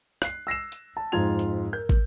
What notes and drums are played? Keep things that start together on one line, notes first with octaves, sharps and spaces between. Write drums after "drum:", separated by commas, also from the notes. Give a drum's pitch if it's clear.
F#6 C7, drum: rim click
E6 A#6 C7 E7
drum: hi-hat
A5
F2 G#2 F4 G#6 F7
drum: hi-hat
A#4 G6
drum: kick